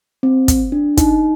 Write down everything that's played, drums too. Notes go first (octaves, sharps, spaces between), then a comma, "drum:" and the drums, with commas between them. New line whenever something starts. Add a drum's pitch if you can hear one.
C4
drum: kick, hi-hat
D4
D#4, drum: kick, hi-hat